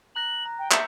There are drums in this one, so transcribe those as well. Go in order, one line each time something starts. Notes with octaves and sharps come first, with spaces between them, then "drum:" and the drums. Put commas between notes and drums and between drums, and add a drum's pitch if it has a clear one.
A#5 F#6 A#6 F#7
A#5
G5
E5 E6 G6 C#7, drum: clap